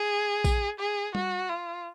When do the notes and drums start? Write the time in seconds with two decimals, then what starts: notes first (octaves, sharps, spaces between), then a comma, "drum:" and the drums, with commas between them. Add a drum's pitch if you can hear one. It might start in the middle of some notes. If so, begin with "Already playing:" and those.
Already playing: G#4
0.44 drum: kick A#1, tambourine
0.79 G#4
1.15 F#4, drum: tom G3
1.50 F4